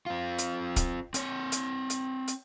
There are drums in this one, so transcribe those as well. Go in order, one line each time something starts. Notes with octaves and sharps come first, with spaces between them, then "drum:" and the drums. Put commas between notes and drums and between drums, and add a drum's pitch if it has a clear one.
C4 F4
drum: hi-hat
drum: kick, hi-hat
C4 C#5, drum: hi-hat
drum: hi-hat
drum: hi-hat
drum: hi-hat